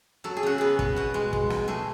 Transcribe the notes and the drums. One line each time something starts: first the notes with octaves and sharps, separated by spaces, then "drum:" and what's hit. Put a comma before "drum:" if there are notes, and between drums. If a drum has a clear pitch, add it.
F#3 A4
G#4
C#3 F#4
B3 G#4
B3, drum: kick
B2 F#4
G#3
G#3, drum: kick
B2, drum: snare
A3 G#4